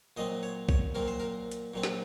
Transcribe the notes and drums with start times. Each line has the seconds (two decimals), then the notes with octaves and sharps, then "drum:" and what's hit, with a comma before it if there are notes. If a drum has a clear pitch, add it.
0.17 A#2 F#3 C4 D#5
0.43 C#5
0.69 C#5, drum: kick B1
0.95 A#2 F#3 C4 A#4
1.08 C5
1.20 A#4
1.51 drum: hi-hat
1.74 A#2 F#3 C4
1.83 drum: snare